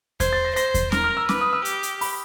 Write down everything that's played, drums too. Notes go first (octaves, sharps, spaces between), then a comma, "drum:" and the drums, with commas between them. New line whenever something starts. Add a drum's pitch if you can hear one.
C5 G#6, drum: kick E2, hi-hat
A6
A#6
C5 A#6, drum: hi-hat
drum: kick E2, hi-hat
A#4 F6, drum: snare C#4
F6
E6
B4 D6, drum: snare C#4
D#6
E6
G4, drum: hi-hat
drum: hi-hat
B5, drum: open hi-hat